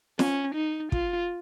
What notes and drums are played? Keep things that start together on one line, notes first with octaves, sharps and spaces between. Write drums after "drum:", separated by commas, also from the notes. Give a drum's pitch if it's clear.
C#4, drum: snare
D#4
F4, drum: kick